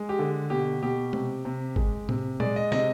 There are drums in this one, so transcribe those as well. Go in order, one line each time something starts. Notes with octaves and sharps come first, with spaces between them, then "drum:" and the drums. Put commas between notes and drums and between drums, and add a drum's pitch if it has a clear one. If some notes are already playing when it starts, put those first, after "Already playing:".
Already playing: G#3
G4
D3
B2 G4
B2 G4
C3, drum: tom G#3
C3
G#3, drum: kick G1
C3, drum: tom A2
G#3 D5, drum: tom A#2
D#5
C3 D#5, drum: snare